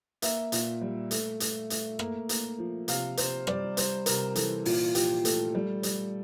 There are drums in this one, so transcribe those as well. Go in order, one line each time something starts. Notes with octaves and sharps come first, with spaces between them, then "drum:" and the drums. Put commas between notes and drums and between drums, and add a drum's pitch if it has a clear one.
A#3 E5, drum: hi-hat
A#2, drum: hi-hat
G3
A3, drum: hi-hat
A3, drum: hi-hat
A3, drum: hi-hat
A#3, drum: rim click
A#3, drum: hi-hat
F3
C3 F5, drum: hi-hat
C3 C5, drum: hi-hat
G3 D5, drum: rim click
G3 C5, drum: hi-hat
C3 A#4, drum: hi-hat
E3 A4, drum: hi-hat
A#2 F4, drum: open hi-hat
F3 G4, drum: hi-hat
A3 A4, drum: hi-hat
G3
G3, drum: hi-hat